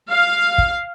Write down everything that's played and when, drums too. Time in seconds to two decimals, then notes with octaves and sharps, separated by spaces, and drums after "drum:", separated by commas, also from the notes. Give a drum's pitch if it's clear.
0.10 F5
0.58 drum: kick